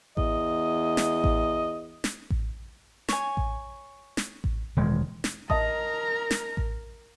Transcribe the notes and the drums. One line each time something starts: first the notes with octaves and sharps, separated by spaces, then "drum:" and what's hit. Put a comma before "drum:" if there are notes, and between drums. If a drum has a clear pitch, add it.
E2 D#5, drum: kick A1
drum: snare
drum: kick A1
drum: snare
drum: kick A1
C#5 G#5, drum: snare
drum: kick A1
drum: snare
drum: kick A1
E1 D#3 G#3
drum: snare
A#4 D#5 A5 A#5 D#6, drum: kick A1
drum: snare
drum: kick A1